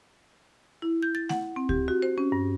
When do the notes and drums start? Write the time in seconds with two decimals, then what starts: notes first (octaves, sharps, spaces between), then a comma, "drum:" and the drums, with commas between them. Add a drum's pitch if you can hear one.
0.82 E4
1.03 G6
1.15 A6
1.29 F#5, drum: snare A3
1.56 C4
1.69 G4, drum: kick D2
1.88 F#4
2.02 C5
2.18 C#4
2.32 G2